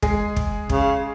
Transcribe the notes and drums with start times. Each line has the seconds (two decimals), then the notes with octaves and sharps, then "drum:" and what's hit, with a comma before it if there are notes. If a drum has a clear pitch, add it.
0.02 G#3 G#4, drum: kick
0.36 drum: kick
0.69 C#3, drum: kick